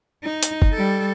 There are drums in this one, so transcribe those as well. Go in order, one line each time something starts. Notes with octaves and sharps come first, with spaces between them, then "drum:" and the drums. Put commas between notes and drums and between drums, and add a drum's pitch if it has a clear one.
D#4
drum: hi-hat
drum: kick F#1
G3 A4